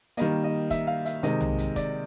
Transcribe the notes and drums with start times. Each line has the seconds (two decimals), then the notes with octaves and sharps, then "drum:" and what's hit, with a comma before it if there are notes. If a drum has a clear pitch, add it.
0.17 D#3 G3 A#3 D#5, drum: hi-hat
0.44 D#5
0.71 E5, drum: kick, hi-hat
0.87 F5
1.05 E5, drum: hi-hat
1.23 C3 D#3 G#3 D#5, drum: hi-hat
1.41 drum: tom
1.58 drum: hi-hat
1.76 D5, drum: kick, hi-hat